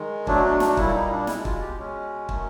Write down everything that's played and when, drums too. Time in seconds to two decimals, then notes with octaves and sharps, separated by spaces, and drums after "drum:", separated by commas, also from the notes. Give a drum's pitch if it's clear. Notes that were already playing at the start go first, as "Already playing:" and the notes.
Already playing: D#3 G#3
0.27 B2 F#3 A3 D4, drum: kick
0.44 D4
0.60 D4, drum: snare
0.77 A#2 G3 A#3 E4, drum: kick
0.94 D#4
1.11 D4
1.27 B2 G#3 E4, drum: snare
1.45 F4, drum: kick
1.61 G4
1.78 B2 G#3 C#4
2.29 D#3 F#3 A3, drum: kick